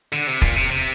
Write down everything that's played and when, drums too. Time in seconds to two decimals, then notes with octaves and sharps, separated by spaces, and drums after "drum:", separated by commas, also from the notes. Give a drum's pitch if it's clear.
0.13 D3
0.27 C3
0.42 A#2, drum: kick E1
0.56 C3
0.70 C3